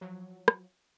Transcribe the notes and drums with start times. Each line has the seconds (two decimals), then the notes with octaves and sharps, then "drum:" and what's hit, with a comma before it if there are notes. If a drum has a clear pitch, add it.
0.01 F3 F#3
0.48 drum: rim click